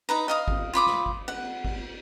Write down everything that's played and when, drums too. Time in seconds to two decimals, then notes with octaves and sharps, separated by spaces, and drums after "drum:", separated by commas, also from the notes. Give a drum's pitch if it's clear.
0.09 D#4 B4 A#5
0.28 D#5 F5 D#6
0.48 drum: kick, cymbal
0.73 F4 B5 D6 D#6
0.87 drum: snare
1.06 drum: kick
1.28 F#5, drum: cymbal
1.65 drum: kick, cymbal